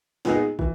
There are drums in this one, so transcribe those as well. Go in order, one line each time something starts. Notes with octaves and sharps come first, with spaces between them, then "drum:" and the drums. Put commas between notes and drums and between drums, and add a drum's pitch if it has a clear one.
A#2 G#3 B3 D#4 G#4, drum: snare
E3, drum: kick